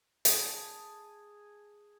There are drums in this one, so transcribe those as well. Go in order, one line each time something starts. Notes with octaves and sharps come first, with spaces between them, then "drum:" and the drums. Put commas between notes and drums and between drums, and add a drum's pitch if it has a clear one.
G#4 A5, drum: hi-hat